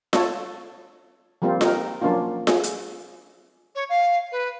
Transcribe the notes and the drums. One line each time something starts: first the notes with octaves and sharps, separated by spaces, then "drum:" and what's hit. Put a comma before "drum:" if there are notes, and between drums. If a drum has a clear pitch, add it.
F4 A4 C#5, drum: snare F4
F3 G3 A#3 C4 F4
D#4 G4 A#4, drum: snare F4
F3 F#3 A#3 C#4 D4 F4
G#4, drum: snare F4
drum: hi-hat
C#5
F5
B4